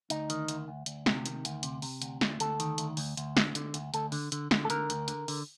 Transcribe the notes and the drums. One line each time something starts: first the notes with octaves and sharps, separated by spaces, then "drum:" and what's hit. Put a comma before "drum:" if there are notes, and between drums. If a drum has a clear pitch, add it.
D2 D#4, drum: hi-hat
D#3, drum: hi-hat
D2, drum: hi-hat
D2
D2, drum: hi-hat
C3, drum: snare
D#3, drum: hi-hat
D2, drum: hi-hat
C3, drum: hi-hat
C3, drum: open hi-hat
D2, drum: hi-hat
D2, drum: snare
D2 A4, drum: hi-hat
D#3, drum: hi-hat
D2, drum: hi-hat
D2, drum: open hi-hat
D2, drum: hi-hat
D3, drum: snare
D3, drum: hi-hat
D2, drum: hi-hat
D2 A4, drum: hi-hat
D3, drum: open hi-hat
D3, drum: hi-hat
D3, drum: snare
A4
D3 A#4, drum: hi-hat
D2, drum: hi-hat
D3, drum: hi-hat
D3, drum: open hi-hat